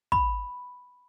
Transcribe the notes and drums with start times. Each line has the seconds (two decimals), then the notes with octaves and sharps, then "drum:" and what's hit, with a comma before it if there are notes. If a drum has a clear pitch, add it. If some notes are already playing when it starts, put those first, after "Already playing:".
0.12 B5, drum: kick